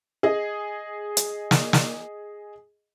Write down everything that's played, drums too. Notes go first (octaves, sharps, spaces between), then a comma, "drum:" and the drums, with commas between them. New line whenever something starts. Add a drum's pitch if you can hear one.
G#4 D#5
drum: hi-hat
drum: snare
drum: snare